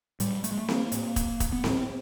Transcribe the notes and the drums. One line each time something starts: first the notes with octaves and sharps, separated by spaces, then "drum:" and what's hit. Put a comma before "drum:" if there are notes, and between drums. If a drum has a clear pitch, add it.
A2 G3, drum: hi-hat
A3, drum: hi-hat
G#3
A3
A#3, drum: snare C4
A2, drum: hi-hat
drum: kick, hi-hat
drum: kick, hi-hat
B3
A2 C4, drum: snare C4